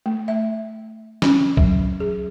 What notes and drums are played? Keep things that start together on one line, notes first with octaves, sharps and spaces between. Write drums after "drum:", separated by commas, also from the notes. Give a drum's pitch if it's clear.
A3
E5
C#4, drum: snare
F#3, drum: kick
G#4